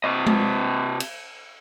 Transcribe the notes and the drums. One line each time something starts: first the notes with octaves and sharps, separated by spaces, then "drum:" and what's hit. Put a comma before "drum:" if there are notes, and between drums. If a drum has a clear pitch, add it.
C3 D#5
drum: tom G#3
drum: cymbal